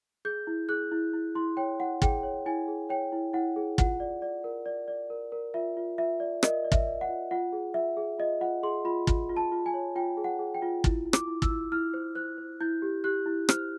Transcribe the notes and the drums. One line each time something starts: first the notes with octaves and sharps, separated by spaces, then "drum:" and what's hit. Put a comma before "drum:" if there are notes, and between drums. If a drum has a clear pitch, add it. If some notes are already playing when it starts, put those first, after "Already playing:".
G#4 G6
E4
G#4 F#6
E4
E4
E4 C6
C#5 G5
E4 F#5
G#4 G5, drum: kick
C#5
E4 G#5
G#4
C#5 G5
E4
E4 F#5
G#4
F4 F#5, drum: kick
D5
D5
A#4
D5
D5
A#4
A#4
F4 E5
F4
F4 E5
D5
A#4 D#5, drum: rim click
D5
E5, drum: kick
D5
F#5
F4
F4 F#5
G#4
F4 E5
G#4
F4 D#5
F4 F#5
G#4 C6
F4 B5
F4, drum: kick
F4
A5
F4
G#5
C#5
F4 G5
G#4
F#5
G#4
G5
F4
E4, drum: kick
E4
D6, drum: rim click
E4
E6, drum: kick
E4
E4 F6
C5
C5 F#6
C5
E4 G6
G4
G4 F#6
E4
C5 F6, drum: rim click